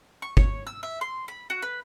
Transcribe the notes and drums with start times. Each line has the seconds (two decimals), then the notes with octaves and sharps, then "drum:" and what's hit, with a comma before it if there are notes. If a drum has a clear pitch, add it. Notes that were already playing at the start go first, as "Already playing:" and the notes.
0.22 C#6
0.37 C#5, drum: kick
0.67 E6
0.83 E5
1.01 C6
1.28 B5
1.50 F#4
1.62 B4